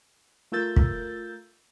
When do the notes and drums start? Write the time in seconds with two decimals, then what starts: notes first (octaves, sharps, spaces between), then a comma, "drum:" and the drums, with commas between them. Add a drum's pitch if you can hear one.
0.52 A3 F4 A#4 E6 G6 A6
0.76 drum: kick